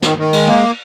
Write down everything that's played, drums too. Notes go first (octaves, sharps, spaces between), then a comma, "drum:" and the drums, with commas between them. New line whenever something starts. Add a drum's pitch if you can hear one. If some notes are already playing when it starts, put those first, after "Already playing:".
D#3, drum: snare
D#3
G#3, drum: cymbal
A#3